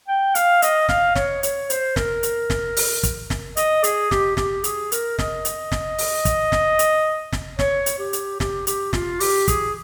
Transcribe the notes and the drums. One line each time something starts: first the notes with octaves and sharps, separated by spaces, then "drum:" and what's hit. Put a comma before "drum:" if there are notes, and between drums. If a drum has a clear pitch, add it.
G5
F5, drum: hi-hat
D#5, drum: hi-hat
F5, drum: snare
C#5, drum: snare
C#5, drum: hi-hat
C5, drum: hi-hat
A#4, drum: snare
drum: hi-hat
drum: snare
drum: open hi-hat
drum: kick, hi-hat
drum: snare
D#5, drum: hi-hat
G#4, drum: hi-hat
G4, drum: snare
G4, drum: snare
G#4, drum: hi-hat
A#4, drum: hi-hat
D#5, drum: snare
drum: hi-hat
drum: snare
drum: open hi-hat
drum: kick, hi-hat
drum: snare
drum: hi-hat
drum: snare
C#5, drum: snare
drum: hi-hat
G4
drum: hi-hat
G4, drum: snare
G4, drum: hi-hat
F4, drum: snare
G4, drum: open hi-hat
G#4, drum: kick, hi-hat